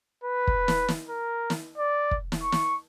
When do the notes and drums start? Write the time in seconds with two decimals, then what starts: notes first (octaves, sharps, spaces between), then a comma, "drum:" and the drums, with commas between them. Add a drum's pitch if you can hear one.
0.24 B4
0.47 drum: kick
0.68 drum: snare
0.88 drum: snare
1.09 A#4
1.50 drum: snare
1.78 D5
2.11 drum: kick
2.32 drum: snare
2.43 C#6
2.52 drum: snare